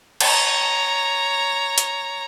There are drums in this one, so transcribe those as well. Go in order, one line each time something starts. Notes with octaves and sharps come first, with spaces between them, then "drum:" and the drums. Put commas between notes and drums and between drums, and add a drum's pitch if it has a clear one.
C#5 A#5, drum: cymbal
drum: hi-hat